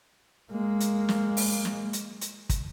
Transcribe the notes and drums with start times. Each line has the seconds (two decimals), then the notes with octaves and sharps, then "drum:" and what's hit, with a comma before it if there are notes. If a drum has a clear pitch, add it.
0.52 G#3 A#3
0.80 drum: hi-hat
1.09 drum: snare
1.37 drum: open hi-hat
1.65 drum: snare
1.93 drum: hi-hat
2.21 drum: hi-hat
2.49 drum: kick, hi-hat